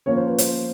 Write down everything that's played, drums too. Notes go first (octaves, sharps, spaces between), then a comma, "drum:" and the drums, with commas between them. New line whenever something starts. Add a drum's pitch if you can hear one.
F3 A#3 C#4 C#5
C5
B4
C5, drum: hi-hat